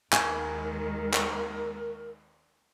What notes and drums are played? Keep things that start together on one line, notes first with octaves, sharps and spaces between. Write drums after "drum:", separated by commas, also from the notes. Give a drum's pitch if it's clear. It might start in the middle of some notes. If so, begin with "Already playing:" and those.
D#2 D#3 G#3 A#4 G#5, drum: clap
drum: clap